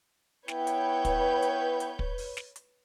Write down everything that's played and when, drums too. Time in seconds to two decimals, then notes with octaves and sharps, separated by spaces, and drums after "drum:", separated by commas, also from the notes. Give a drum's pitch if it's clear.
0.48 B3 E4 B4 C#5 G5 G6, drum: snare
0.67 drum: hi-hat
1.05 drum: kick, hi-hat
1.42 drum: hi-hat
1.80 drum: hi-hat
1.99 drum: kick
2.18 drum: open hi-hat
2.37 drum: snare
2.56 drum: hi-hat